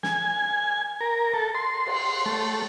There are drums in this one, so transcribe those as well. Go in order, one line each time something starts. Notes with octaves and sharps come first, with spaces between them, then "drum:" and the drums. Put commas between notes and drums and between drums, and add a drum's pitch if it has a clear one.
G#5, drum: snare
A#4
A4
C6
drum: cymbal
A3